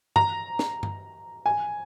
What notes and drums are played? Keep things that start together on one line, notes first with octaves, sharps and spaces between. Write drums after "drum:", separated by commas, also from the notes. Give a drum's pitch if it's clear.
A#5, drum: tom G2
drum: snare
drum: tom G2
G#5